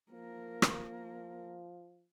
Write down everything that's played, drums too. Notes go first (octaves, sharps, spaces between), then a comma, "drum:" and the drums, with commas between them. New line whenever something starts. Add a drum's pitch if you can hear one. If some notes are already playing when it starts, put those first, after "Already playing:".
F3 A#3 A#4
drum: rim click